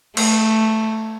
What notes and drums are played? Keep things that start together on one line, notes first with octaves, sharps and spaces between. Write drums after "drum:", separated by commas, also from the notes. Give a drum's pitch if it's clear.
A3, drum: cymbal